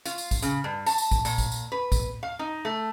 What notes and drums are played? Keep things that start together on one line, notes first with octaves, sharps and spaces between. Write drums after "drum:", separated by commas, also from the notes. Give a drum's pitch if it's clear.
F4, drum: tambourine
drum: tambourine
drum: kick, tambourine
C#3, drum: tambourine
G2
A5, drum: tambourine
drum: tambourine
drum: kick, tambourine
A#2, drum: tambourine
drum: kick, tambourine
drum: tambourine
B4
drum: kick, tambourine
F5
D#4
A3